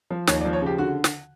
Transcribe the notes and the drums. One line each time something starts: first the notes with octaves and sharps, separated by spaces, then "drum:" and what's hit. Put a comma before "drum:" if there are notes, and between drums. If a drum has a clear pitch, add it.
F3
D#2 C#5, drum: snare
D5
F3
C#5
C#3 G4
D3 F#4
drum: snare